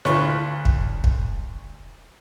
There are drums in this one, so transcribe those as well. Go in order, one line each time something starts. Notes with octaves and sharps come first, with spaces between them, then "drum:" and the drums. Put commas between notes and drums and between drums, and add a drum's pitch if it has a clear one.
D2 F4 B4 C#5 C#6, drum: snare E4
drum: kick
drum: kick